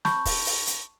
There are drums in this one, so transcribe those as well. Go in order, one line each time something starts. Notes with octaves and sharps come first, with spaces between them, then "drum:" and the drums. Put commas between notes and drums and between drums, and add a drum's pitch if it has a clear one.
A5 B5 C#6 G6, drum: snare
drum: kick, open hi-hat
drum: open hi-hat
drum: hi-hat